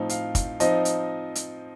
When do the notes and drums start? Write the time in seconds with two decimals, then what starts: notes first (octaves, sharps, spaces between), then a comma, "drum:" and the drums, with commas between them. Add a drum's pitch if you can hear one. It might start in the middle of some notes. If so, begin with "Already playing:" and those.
Already playing: A2 F3 C4 D#4
0.09 F5, drum: hi-hat
0.35 drum: kick, hi-hat
0.60 F3 C4 D#4 D#5, drum: hi-hat
0.85 drum: hi-hat
1.35 drum: hi-hat